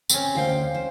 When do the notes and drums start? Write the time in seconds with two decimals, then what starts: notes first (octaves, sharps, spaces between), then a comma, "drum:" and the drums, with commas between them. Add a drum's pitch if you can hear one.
0.09 C4 C#4, drum: tambourine
0.35 D2 C5 F5 G5
0.75 C5